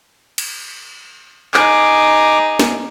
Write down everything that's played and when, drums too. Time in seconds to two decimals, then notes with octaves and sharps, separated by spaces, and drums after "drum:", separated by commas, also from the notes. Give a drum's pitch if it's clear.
0.38 drum: cymbal
1.54 D#4 G#4 D6, drum: clap
2.59 drum: snare